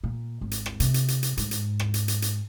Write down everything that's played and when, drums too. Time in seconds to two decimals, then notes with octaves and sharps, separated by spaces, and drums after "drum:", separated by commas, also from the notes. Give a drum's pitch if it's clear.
0.04 A#2
0.41 G#1
0.51 drum: hi-hat
0.66 drum: rim click
0.80 C3, drum: hi-hat
0.94 drum: hi-hat
1.08 drum: hi-hat
1.23 drum: hi-hat
1.37 G#2, drum: hi-hat
1.51 drum: hi-hat
1.79 drum: rim click
1.94 drum: hi-hat
2.08 drum: hi-hat
2.22 drum: hi-hat